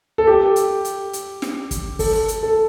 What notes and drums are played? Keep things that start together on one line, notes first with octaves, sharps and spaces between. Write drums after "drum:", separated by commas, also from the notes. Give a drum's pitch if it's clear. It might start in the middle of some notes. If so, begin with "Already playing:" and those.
A4
G4
drum: hi-hat
drum: hi-hat
drum: hi-hat
drum: snare
drum: kick, hi-hat
A4, drum: kick, open hi-hat
drum: hi-hat
A4